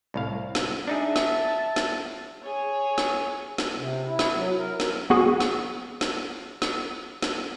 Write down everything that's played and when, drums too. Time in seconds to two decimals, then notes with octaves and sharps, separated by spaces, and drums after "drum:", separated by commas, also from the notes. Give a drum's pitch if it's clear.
0.14 C2 A2 F5
0.55 drum: snare
0.87 D4 D#4 G#4 E5 A5
1.16 drum: snare
1.76 drum: snare
2.43 G#4 C#5
2.98 drum: snare
3.58 drum: snare
3.76 C3
4.05 E4
4.19 drum: snare
4.33 F#3
4.57 A#4
4.80 drum: snare
5.10 B3 F#4 G#4
5.40 drum: snare
6.01 drum: snare
6.62 drum: snare
7.22 drum: snare